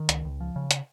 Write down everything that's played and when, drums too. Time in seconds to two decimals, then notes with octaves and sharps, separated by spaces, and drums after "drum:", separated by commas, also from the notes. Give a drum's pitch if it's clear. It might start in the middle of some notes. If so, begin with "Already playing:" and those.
Already playing: D#3
0.09 C#2, drum: hi-hat
0.25 C#2
0.40 F3
0.56 C#3
0.71 drum: hi-hat